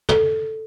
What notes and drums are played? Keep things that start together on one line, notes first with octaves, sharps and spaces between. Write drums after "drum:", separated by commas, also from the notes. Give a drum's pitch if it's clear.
A4, drum: tom